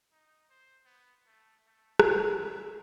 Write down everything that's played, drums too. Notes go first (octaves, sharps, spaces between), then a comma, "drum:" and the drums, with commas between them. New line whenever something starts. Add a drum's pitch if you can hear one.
D#4
C5
B3
A3
A3
G#4, drum: rim click
E5